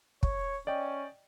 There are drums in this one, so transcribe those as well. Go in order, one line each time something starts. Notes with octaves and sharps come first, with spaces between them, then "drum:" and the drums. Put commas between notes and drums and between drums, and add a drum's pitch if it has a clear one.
C#5, drum: kick
C#4 D5 D#5 G5